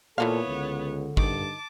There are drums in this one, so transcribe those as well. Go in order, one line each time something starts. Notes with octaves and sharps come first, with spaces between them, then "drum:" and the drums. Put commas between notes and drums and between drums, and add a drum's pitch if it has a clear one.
A#2 E3 A#3 B3 A4 C#5 F5
C#2 D3
G2 D#3 A5 D6, drum: kick